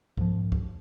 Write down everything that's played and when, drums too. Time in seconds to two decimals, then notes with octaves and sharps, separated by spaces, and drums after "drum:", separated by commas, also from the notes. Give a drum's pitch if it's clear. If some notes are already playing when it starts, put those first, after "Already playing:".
0.17 G#2 F3, drum: kick
0.52 drum: kick